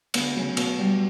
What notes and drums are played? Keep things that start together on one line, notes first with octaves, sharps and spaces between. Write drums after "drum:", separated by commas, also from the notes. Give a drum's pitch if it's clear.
D2 B3, drum: cymbal
C#3 F#3 A3
B2, drum: cymbal
G3